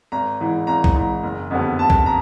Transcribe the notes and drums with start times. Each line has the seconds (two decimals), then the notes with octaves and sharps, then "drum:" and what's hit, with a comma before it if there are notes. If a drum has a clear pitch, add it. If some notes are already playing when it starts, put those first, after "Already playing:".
0.12 G#1 A#5
0.40 G#2 E3
0.67 G#1 A#5
0.84 drum: kick B1
0.95 G#2 E3
1.23 F#1
1.51 F2 D3 G3 B3
1.79 F#1 A5
1.90 drum: kick B1
2.06 A#5